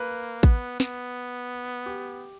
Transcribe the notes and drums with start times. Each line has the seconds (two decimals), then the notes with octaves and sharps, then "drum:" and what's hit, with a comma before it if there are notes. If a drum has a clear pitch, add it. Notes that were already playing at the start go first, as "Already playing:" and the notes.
Already playing: A#3 B4
0.43 B3, drum: kick A1
0.80 B3, drum: snare
1.86 G4